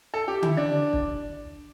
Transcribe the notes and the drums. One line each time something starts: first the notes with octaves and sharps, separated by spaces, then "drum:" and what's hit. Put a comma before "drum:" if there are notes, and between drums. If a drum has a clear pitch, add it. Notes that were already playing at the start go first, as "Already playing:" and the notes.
A4
G4
E4, drum: tom D3
D4
drum: kick